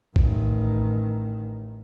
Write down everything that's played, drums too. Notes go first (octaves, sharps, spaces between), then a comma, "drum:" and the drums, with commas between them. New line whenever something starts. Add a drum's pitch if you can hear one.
A1 D#3, drum: kick A#1